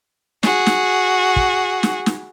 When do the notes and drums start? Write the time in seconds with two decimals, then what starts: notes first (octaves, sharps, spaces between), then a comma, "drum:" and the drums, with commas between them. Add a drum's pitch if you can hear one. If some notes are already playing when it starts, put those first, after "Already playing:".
0.43 F#4 G#4, drum: snare
0.66 drum: snare
1.36 drum: kick
1.83 drum: snare
2.06 drum: snare